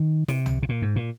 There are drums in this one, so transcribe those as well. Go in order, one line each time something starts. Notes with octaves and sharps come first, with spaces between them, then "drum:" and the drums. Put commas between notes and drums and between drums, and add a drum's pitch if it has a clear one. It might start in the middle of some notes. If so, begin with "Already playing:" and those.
Already playing: D#3
C3, drum: snare
drum: tom C2
C3
A#2
G#2
A#2